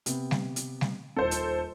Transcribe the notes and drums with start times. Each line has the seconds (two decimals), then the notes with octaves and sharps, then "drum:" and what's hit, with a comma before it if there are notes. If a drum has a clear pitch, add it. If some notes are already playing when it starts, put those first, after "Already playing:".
0.06 C3 B3, drum: hi-hat
0.31 drum: snare G3
0.56 drum: hi-hat
0.81 drum: snare G3
1.16 D#1 A4 C5
1.31 drum: hi-hat